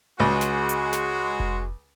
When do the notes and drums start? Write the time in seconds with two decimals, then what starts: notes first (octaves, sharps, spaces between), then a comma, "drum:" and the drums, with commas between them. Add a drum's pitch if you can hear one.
0.20 C#2 G#3 F#4
0.41 drum: snare
0.69 drum: hi-hat
0.93 drum: snare
1.40 drum: kick F1